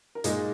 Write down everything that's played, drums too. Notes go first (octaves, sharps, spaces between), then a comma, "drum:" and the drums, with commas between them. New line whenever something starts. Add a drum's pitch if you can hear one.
A#4
A#2 G#3 D#4 F4 G#4, drum: hi-hat